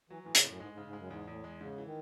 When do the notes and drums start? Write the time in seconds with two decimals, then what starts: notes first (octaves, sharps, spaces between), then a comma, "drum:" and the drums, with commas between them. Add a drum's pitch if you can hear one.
0.10 E3 F#3
0.22 A2 E3
0.35 C#3, drum: hi-hat
0.44 F#2 A2
0.60 G#2 G#3
0.73 G#2
0.77 C#3
0.85 G#2
0.93 F#2 G#3
1.10 E2 G#2
1.27 E2 A2
1.44 G#3
1.61 G#2 C#3
1.78 E3
1.86 D#3